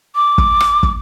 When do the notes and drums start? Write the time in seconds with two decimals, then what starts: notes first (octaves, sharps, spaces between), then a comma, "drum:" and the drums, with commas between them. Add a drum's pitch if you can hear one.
0.16 D6
0.38 drum: kick
0.60 drum: rim click
0.83 drum: kick